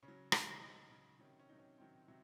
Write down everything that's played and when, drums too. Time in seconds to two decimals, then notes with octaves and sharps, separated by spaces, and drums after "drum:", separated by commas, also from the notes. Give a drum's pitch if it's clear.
0.03 C#3 C#4
0.08 F#3
0.32 C#3 F#3 D#4, drum: rim click
0.62 C#3 F#3 D#4
0.90 C#3 F#3
1.19 C3 D#3 F#3 C#4
1.39 C#4
1.49 C3 D#3 F#3 D#4
1.58 C#4
1.78 C3 D#3 F#3 C4
2.08 C3 F#3